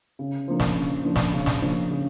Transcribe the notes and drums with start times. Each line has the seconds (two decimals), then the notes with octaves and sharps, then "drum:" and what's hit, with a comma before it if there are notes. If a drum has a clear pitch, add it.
0.19 C#3
0.48 F3 A#3 D4
0.60 drum: snare
0.76 C#3
1.05 F3 A#3 D4
1.16 drum: snare
1.33 C#3
1.46 drum: snare
1.62 F3 A#3 D4
1.91 C#3